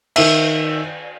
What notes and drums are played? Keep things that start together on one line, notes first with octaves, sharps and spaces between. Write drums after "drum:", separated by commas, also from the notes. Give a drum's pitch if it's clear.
D#3 E5, drum: cymbal